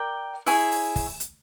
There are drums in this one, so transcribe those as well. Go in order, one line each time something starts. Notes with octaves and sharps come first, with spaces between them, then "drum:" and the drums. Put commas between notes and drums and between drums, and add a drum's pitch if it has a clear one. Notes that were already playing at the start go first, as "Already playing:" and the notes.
Already playing: A#4 D5 G5
E4 G#4 C#5 E5, drum: open hi-hat
drum: open hi-hat
drum: kick, open hi-hat
drum: hi-hat